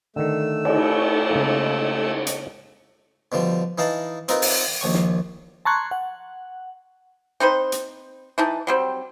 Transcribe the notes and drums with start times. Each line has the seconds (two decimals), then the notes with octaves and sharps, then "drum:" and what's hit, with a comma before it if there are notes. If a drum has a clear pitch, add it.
0.16 D3 D#3 A3 E6
0.65 drum: cymbal
0.98 C#5
1.31 C#3 G#3 A#3
2.27 drum: hi-hat
3.32 B2 D3 F3 G3
3.78 E3 D#4 F5 A5 B5
4.28 C4 D#4 F4 A#4 B4, drum: hi-hat
4.42 drum: open hi-hat
4.81 A#1 D#2 C#6
4.94 drum: snare
5.65 A5 A#5 C6 C#6 F#6 G#6
5.91 F#5
7.40 C4 D#4 B4 C5
7.72 drum: hi-hat
8.38 E3 D#4 A5
8.67 F#3 G3 C4